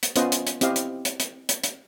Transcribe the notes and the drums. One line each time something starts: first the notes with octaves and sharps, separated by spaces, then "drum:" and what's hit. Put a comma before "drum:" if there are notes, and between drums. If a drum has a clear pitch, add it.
drum: hi-hat
B3 C#4 F4 B4 C5 D#5, drum: hi-hat
drum: hi-hat
drum: hi-hat
C4 E4 G4 D#5 F5, drum: hi-hat
drum: hi-hat
drum: hi-hat
drum: hi-hat
drum: hi-hat
drum: hi-hat